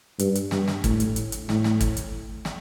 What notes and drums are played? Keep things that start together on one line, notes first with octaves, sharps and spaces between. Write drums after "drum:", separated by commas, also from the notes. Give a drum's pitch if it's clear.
G2, drum: hi-hat
drum: hi-hat
G2, drum: snare
drum: snare
A2, drum: kick, hi-hat
drum: hi-hat
drum: hi-hat
drum: hi-hat
A2, drum: snare
drum: snare
drum: kick, hi-hat
drum: hi-hat
drum: snare